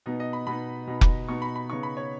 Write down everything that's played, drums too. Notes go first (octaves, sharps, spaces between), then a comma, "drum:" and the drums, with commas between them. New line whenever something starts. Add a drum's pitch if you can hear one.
B2 B3 D#4
D#5
B5
B2 B3 D#4 B5
B2 B3 D#4
drum: kick F1
B2 B3 D#4 C#6
B5
B5
C#3 B3 D#4 C#6
B5
C#5